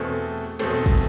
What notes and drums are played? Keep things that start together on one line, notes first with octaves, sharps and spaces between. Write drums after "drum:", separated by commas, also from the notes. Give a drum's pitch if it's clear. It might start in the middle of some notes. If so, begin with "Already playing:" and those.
Already playing: E2 B2 A3 C4 A5
E2 B2 A3 C4, drum: cymbal
drum: kick, cymbal